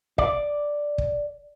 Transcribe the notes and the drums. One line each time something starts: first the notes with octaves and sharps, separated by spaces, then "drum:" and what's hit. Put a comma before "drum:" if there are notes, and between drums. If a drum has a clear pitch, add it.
D5, drum: kick
drum: kick